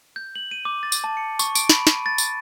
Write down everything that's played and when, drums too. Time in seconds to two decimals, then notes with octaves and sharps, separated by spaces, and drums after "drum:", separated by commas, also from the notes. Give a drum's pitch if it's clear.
0.16 G6
0.36 F#7
0.51 D#7
0.65 D6
0.83 A6
0.92 drum: tambourine
1.04 A5
1.17 C#7
1.39 C#6, drum: tambourine
1.55 D7, drum: tambourine
1.69 B5, drum: snare
1.87 D#7, drum: snare
2.06 A6
2.18 drum: tambourine